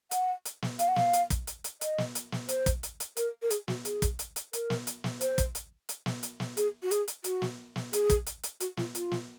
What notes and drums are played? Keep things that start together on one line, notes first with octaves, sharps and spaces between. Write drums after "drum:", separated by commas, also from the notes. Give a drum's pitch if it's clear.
F#5, drum: hi-hat
drum: hi-hat
drum: snare
F5, drum: hi-hat
F#5
F5, drum: snare
drum: hi-hat
drum: kick, hi-hat
drum: hi-hat
drum: hi-hat
D#5, drum: hi-hat
drum: snare
drum: hi-hat
drum: snare
C5, drum: hi-hat
drum: kick, hi-hat
drum: hi-hat
drum: hi-hat
A#4, drum: hi-hat
A#4
G#4, drum: hi-hat
F#4, drum: snare
G#4, drum: hi-hat
drum: kick, hi-hat
drum: hi-hat
drum: hi-hat
A#4, drum: hi-hat
drum: snare
drum: hi-hat
drum: snare
C5, drum: hi-hat
drum: kick, hi-hat
drum: hi-hat
drum: hi-hat
drum: snare
drum: hi-hat
drum: snare
G#4, drum: hi-hat
F#4
G#4, drum: hi-hat
drum: hi-hat
F#4, drum: hi-hat
drum: snare
drum: snare
G#4, drum: hi-hat
drum: kick, hi-hat
drum: hi-hat
drum: hi-hat
F#4, drum: hi-hat
F4, drum: snare
F4, drum: hi-hat
drum: snare